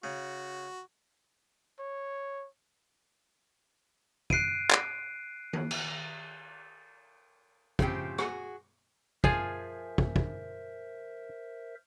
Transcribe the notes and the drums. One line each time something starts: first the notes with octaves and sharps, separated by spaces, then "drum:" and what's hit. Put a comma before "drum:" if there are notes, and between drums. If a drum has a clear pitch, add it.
C#3 F#4
C#5
F#6 C7 D7 D#7, drum: kick
drum: clap
drum: tom D#3
drum: cymbal
A2 C#3 F3 C4 G4, drum: kick
F#4 G#4, drum: rim click
F3 F4 G#4 A#4 C5 E5 G#5, drum: kick
drum: kick
drum: kick